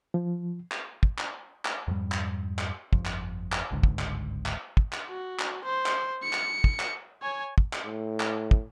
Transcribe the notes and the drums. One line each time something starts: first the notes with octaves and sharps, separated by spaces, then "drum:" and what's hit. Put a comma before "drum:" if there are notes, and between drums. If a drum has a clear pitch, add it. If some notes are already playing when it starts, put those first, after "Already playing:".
F3
drum: clap
drum: kick
drum: clap
drum: clap
F2 G#2 G3
drum: clap
drum: clap
G1 F2, drum: kick
drum: clap
drum: clap
G1 C#2 G#2 D3
drum: kick
drum: clap
drum: clap
drum: kick
drum: clap
F#4
drum: clap
C5
drum: clap
C#7
drum: clap
drum: kick
drum: clap
C#5 G#5
drum: kick
drum: clap
A2
drum: clap
drum: kick